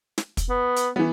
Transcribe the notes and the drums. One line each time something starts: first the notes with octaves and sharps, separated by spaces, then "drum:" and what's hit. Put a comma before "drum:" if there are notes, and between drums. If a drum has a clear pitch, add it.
drum: snare
drum: kick, hi-hat
B3
drum: hi-hat
E3 B3